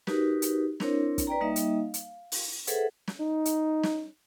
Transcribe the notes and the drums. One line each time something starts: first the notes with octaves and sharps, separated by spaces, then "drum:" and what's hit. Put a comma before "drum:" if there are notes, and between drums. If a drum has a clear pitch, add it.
D#4 F#4 G4 A#4 B4, drum: snare
drum: hi-hat
C4 D4 E4 A#4 C5 C#5, drum: snare
drum: kick, hi-hat
B4 D5 G5 A#5
G3 A#3 D#4 D#5 E5
drum: hi-hat
F5
drum: hi-hat
drum: open hi-hat
G#4 A4 B4 C5 E5 F#5, drum: hi-hat
drum: snare
D#4
drum: hi-hat
drum: snare